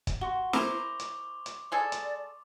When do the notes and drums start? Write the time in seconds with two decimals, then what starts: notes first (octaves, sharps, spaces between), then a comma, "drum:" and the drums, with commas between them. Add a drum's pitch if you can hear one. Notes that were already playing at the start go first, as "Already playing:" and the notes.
0.07 drum: kick, hi-hat
0.21 F#4 C6 C#6 G7
0.53 E4 A#4 C5 D6 F7 G7, drum: snare
1.00 drum: hi-hat
1.46 drum: hi-hat
1.72 G#3 G#4 A4 D5
1.92 drum: hi-hat